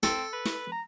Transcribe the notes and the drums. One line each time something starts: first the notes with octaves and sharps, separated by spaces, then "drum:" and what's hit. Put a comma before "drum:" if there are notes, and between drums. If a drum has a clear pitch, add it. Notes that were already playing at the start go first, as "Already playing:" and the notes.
C4 A4, drum: snare
B4
drum: snare
A#5